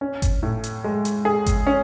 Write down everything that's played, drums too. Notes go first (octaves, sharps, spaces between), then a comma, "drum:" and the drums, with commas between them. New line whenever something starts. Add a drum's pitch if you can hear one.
C#4
drum: kick G1, hi-hat
A2
drum: hi-hat
G#3
drum: hi-hat
G#4
drum: kick G1, hi-hat
C#4